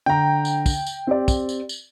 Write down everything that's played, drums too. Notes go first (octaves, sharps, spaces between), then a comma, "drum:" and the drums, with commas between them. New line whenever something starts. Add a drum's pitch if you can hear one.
D3 G5 A#5
drum: tambourine
drum: kick, tambourine
drum: tambourine
C4 G4 D5
drum: kick, tambourine
drum: tambourine
drum: tambourine